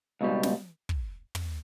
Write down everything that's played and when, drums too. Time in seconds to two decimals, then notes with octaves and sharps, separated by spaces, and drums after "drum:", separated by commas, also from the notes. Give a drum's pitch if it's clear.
0.21 C#2 B2 G3
0.43 drum: snare
0.89 drum: kick
1.35 drum: tom